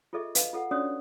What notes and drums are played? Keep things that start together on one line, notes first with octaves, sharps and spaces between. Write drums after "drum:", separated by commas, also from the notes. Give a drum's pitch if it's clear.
F4 G#4 A4 D#5 E5
B4 D#5 F5, drum: hi-hat
F4 A4 F#5
C#4 D4 F#4 C#5 D5 D#6